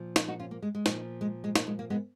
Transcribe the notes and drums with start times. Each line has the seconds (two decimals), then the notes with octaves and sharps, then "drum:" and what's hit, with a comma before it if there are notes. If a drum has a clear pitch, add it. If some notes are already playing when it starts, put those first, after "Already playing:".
Already playing: A#2 F3
0.16 A#3 C#4, drum: snare
0.28 D#4 F#4
0.40 C#4 F4
0.51 A#3
0.62 G#3
0.75 G#3
0.86 A#2 F3, drum: snare
1.21 G#3
1.44 G#3
1.55 A#3, drum: snare
1.67 G#3
1.79 A#3
1.90 G#3 B3